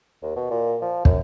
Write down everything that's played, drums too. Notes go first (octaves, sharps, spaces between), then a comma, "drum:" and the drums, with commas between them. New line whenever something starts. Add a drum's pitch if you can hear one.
D#2
B2
A#2
F3
F#2, drum: kick